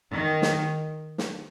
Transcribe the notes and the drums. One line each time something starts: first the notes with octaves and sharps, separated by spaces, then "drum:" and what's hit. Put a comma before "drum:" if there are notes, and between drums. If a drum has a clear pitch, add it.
D#3
drum: snare
drum: snare